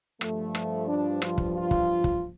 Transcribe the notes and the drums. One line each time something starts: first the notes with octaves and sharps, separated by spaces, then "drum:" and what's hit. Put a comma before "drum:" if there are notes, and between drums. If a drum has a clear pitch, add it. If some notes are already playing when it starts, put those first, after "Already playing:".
G2 F3 A3, drum: rim click
drum: rim click
D4
F4, drum: rim click
drum: kick
F4
drum: kick
drum: kick